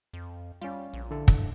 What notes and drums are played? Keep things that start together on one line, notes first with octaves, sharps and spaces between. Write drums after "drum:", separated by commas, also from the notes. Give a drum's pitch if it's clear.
F2
G3 C#4 F4
A#1
D3 E4 A4
drum: kick